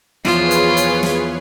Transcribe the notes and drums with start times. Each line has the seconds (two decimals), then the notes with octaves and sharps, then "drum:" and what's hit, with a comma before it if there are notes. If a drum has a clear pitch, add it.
0.25 E2 F3 F4 G#4 B4 C#5, drum: snare
0.51 drum: hi-hat
0.77 drum: hi-hat
1.03 drum: snare